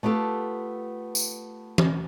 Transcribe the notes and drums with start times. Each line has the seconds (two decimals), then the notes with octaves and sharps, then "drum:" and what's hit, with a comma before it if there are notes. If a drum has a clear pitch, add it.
0.03 A3 B3 F4 G4 A4
1.15 drum: tambourine
1.78 drum: tom E3